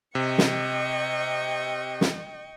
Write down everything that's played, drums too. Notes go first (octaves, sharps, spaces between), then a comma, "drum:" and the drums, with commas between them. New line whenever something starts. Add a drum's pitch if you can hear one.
C3 D#5 G5 C#6
drum: snare
drum: snare